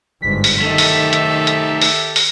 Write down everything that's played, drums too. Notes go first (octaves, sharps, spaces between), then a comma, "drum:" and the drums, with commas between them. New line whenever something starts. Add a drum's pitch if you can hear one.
G1 G#2 B6
drum: open hi-hat
D#3 A3 D#4 G4 A4 E5
drum: open hi-hat
drum: hi-hat
drum: hi-hat
drum: open hi-hat
drum: open hi-hat